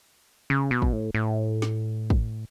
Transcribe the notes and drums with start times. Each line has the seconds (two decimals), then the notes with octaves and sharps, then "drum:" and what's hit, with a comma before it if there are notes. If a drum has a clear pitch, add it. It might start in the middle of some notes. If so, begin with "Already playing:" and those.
0.50 C#3
0.71 B2
0.82 drum: kick
0.93 A2
1.14 A2
1.62 drum: snare
2.10 drum: kick